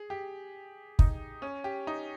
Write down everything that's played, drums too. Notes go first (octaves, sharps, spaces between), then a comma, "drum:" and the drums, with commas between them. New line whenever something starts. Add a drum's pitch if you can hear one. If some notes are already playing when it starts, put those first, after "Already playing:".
Already playing: G#4
G4
D#4, drum: kick
C#4
G4
D#4